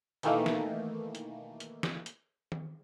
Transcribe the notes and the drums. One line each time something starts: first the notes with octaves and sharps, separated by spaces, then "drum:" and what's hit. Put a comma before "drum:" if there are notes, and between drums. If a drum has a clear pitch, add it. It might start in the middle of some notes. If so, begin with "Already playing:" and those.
B2 D#3 E3 A3 A#3 D#4, drum: hi-hat
drum: snare
drum: hi-hat
drum: hi-hat
drum: snare
drum: hi-hat
drum: tom D#3